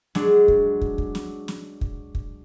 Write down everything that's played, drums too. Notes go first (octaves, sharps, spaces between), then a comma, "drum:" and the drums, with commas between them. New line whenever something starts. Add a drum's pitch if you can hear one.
F#3 G#3 D4, drum: snare
drum: kick
drum: kick
drum: kick
drum: snare
drum: snare
drum: kick
drum: kick